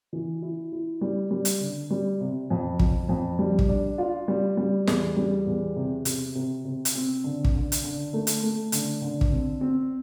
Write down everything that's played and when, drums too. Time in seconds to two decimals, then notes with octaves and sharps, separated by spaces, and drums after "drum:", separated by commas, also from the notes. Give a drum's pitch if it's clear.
0.13 E3
0.42 E4
0.72 E4
1.01 G3
1.31 G3
1.45 drum: hi-hat
1.61 D3
1.90 G3
2.21 C3
2.50 F2
2.79 F2, drum: kick
3.09 F2
3.39 G3
3.59 drum: kick
3.68 D4
3.98 F4
4.28 G3
4.57 G3
4.87 E2, drum: snare
5.16 G3
5.46 E2
5.76 C3
6.05 C3, drum: hi-hat
6.35 C3
6.65 C3
6.85 drum: hi-hat
6.95 C4
7.24 D3
7.44 drum: kick
7.54 D3
7.72 drum: hi-hat
7.84 D3
8.13 A3
8.27 drum: hi-hat
8.43 A3
8.72 D3, drum: hi-hat
9.02 D3
9.21 drum: kick
9.31 C4
9.61 C4